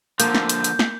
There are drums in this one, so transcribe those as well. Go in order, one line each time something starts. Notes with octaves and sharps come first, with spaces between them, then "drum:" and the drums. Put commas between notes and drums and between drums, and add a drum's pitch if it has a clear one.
D3 F3 A#3 G6, drum: hi-hat
drum: snare
drum: hi-hat
drum: hi-hat
drum: snare